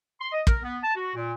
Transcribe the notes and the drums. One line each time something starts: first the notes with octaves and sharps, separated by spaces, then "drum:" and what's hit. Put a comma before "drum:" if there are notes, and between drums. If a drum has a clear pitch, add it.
C6
D#5
A#4, drum: kick
B3
A5
F#4
A#2